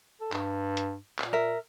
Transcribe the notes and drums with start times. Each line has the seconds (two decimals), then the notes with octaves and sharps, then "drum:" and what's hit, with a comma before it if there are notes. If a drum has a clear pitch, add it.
0.21 A4
0.32 G2, drum: clap
0.77 drum: hi-hat
1.19 A#2, drum: clap
1.33 A#4 E5